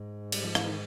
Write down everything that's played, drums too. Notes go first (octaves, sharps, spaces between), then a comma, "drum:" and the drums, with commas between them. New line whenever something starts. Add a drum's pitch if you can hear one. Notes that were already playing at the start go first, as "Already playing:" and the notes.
Already playing: G#2
G3, drum: cymbal
F3
E3, drum: rim click
D#3